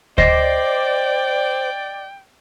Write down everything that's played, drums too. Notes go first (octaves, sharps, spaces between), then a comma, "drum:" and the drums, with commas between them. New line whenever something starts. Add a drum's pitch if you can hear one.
C5 D5 D#5 G5 A#6 C7, drum: kick D2